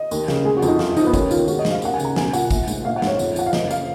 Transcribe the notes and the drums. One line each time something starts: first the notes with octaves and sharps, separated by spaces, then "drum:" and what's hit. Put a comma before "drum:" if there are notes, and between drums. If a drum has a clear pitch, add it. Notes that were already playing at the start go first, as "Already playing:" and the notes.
Already playing: D#5
D#2, drum: tambourine
C#3, drum: snare
G#3 G#4
F#4
F2, drum: tambourine
D#4
F#2 F4, drum: snare
F3 D#4, drum: tambourine
B3
D#2 C#4, drum: kick, tambourine
D#3 F4, drum: tambourine
G#3 F#4, drum: tambourine
D#5
G#2, drum: snare
F5
D#2 F#5, drum: tambourine
G#5
C#3, drum: tambourine
A#5
B1 G#5, drum: snare
A#2 F#5, drum: tambourine
A#1, drum: kick, tambourine
G#2, drum: tambourine
A#1 F5
F#5
G#2, drum: snare
C#5
F2, drum: tambourine
F3 F#5, drum: tambourine
F5
F#1 D#5, drum: snare
F5, drum: tambourine